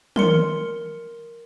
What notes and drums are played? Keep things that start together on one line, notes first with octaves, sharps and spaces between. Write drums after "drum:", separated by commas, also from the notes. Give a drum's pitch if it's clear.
A#4 C6 C#7, drum: tom